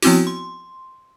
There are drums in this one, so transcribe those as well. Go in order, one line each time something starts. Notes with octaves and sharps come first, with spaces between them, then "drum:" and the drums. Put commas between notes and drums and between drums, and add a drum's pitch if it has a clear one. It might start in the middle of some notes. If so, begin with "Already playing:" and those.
F3 B3 C4 E4 F#4, drum: open hi-hat
C6